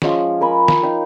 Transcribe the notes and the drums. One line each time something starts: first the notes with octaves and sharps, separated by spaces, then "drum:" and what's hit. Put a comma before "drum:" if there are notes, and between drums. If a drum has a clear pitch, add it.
F3 G#3 C#4, drum: snare
A#4 G#5 B5
drum: snare
D#4 F5 G5